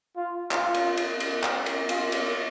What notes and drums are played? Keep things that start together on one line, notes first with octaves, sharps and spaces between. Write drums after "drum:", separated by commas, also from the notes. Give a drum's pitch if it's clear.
F4
F4, drum: clap
drum: cymbal
drum: cymbal
drum: cymbal
drum: clap
drum: cymbal
F4, drum: cymbal
drum: cymbal